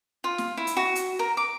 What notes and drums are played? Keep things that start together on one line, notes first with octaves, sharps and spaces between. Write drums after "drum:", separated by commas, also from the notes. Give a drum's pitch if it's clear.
F4
drum: snare
E4
drum: hi-hat
F#4
drum: hi-hat
A#4
D6